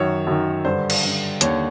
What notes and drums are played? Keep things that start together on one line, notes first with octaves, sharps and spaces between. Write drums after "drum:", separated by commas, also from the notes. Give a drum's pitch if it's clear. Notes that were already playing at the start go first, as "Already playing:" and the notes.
Already playing: F#2 D#3 C#5
F#2 D#3
G2 D3 C5
drum: cymbal
G2 D3
D#2 D3 C#5, drum: hi-hat